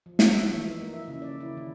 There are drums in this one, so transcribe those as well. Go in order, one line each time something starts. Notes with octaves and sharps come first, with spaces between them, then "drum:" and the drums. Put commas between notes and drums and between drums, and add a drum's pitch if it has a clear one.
F3
F#4, drum: snare
E5
E3
D#4
A#3
E5
C#3
D5
E4
D#3